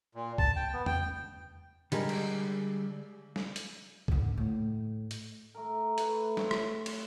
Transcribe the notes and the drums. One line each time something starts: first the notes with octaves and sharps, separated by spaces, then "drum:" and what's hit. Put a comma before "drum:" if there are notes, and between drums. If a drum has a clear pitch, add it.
A#2
A5, drum: kick
G5
B3
G5, drum: tom E2
D3 G3 G#3 A#4, drum: hi-hat
drum: cymbal
drum: snare
drum: hi-hat
G#2 D3, drum: kick
A2
drum: hi-hat
A3 A#4
A3 B4 C#6, drum: hi-hat
C4 C#5 E5, drum: snare
drum: rim click
drum: cymbal